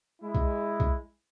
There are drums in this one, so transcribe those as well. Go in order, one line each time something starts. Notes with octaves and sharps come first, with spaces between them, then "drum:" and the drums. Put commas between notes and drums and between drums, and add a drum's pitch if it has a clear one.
G#3 E4
drum: kick
drum: kick